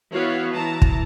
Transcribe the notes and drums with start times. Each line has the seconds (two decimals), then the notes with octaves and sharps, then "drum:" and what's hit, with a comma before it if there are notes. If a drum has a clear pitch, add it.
0.12 E3 B3 F#4 C#5 F5
0.54 E3 A5 A#5
0.82 drum: kick